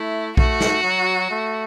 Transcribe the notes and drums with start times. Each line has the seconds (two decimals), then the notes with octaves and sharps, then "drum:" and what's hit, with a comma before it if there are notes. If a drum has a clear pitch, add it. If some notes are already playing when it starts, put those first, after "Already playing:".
Already playing: A3 E4
0.37 A3 F#4, drum: kick A#1
0.60 drum: snare
0.83 F#3
1.30 A3